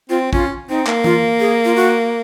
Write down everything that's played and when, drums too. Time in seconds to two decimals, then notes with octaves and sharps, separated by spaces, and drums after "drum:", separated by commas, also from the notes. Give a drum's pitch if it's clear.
0.09 C4 F4
0.33 C#4 F4, drum: kick A1
0.69 C4 D#4
0.87 A#3, drum: clap
1.04 F4, drum: tom E3
1.40 G#4
1.65 F4
1.76 F#4